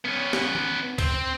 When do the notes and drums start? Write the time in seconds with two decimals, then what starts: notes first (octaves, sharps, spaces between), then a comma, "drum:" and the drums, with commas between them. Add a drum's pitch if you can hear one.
0.05 B3 C#4
0.33 drum: snare
0.55 drum: tom E3
0.98 C4, drum: kick C#2, cymbal